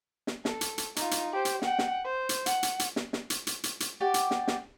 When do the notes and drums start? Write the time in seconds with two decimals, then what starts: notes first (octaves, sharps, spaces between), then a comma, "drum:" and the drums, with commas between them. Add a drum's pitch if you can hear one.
0.27 drum: snare
0.45 A4, drum: snare
0.61 drum: hi-hat
0.78 drum: hi-hat
0.96 D#4 F4, drum: hi-hat
1.11 drum: hi-hat
1.33 G4 C5
1.45 drum: hi-hat
1.62 F#5 G5, drum: snare
1.79 drum: snare
2.04 C5
2.29 drum: hi-hat
2.46 F#5, drum: hi-hat
2.63 drum: hi-hat
2.79 drum: hi-hat
2.96 drum: snare
3.13 drum: snare
3.30 drum: hi-hat
3.47 drum: hi-hat
3.64 drum: hi-hat
3.80 drum: hi-hat
4.00 F#4 G4 D5
4.14 drum: hi-hat
4.31 drum: snare
4.48 drum: snare